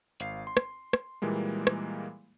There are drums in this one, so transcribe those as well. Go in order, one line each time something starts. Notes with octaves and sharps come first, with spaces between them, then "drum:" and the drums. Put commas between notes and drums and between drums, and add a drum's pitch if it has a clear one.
G#1 F5 C7, drum: hi-hat
C6
drum: rim click
drum: rim click
A#2 E3 G3 G#3 A#3
drum: rim click